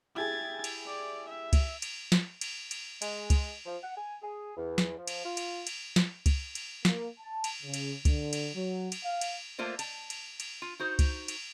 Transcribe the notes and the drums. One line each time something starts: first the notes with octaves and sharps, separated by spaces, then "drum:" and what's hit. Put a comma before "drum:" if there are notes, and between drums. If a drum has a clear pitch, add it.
E4 G4 G#4 G#6 A6
drum: cymbal
D5
E5
drum: kick C#2, cymbal
drum: cymbal
drum: snare
drum: cymbal
drum: cymbal
G#3, drum: cymbal
drum: kick C#2, cymbal
F3
F#5
G#5
G#4
E2
drum: snare
F3
drum: cymbal
F4
drum: cymbal
drum: cymbal
drum: snare
drum: kick C#2, cymbal
drum: cymbal
A#3, drum: snare
A5
drum: cymbal
C#3
drum: cymbal
D3, drum: kick C#2, cymbal
drum: cymbal
F#3
drum: cymbal
F5
drum: cymbal
A3 A#3 F4 C5 D5
A5, drum: cymbal
drum: cymbal
drum: cymbal
F4
D#4 F#4 C5
drum: kick C#2, cymbal
drum: cymbal